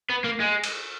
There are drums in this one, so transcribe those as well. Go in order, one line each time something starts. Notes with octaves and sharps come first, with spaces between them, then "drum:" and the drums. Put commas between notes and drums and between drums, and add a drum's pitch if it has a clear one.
B3
A#3
G#3
drum: cymbal